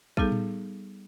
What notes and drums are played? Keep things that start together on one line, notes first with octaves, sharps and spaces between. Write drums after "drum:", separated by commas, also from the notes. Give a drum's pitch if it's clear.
G3 B3 D#4 G#4 A4, drum: kick
drum: tom A2